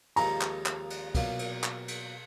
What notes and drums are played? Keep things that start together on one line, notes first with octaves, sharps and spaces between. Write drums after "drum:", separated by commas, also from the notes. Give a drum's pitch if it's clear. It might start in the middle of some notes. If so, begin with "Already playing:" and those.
D#2 C#3 F3 G#3 C#4 A#5, drum: cymbal
drum: clap
drum: clap
drum: cymbal
B2 F#3 A#3 F4, drum: kick C2, cymbal
drum: cymbal
drum: clap
drum: cymbal